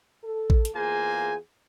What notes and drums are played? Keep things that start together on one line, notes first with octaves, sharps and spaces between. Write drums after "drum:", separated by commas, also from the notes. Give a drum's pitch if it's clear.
A4
drum: kick A1
drum: hi-hat
E2 A#3 F4 G#4 C5 G#5